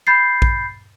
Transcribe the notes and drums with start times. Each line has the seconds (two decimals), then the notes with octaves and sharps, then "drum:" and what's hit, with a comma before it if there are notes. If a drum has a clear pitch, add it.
0.07 B5 G6 A6 C7
0.42 drum: kick A#1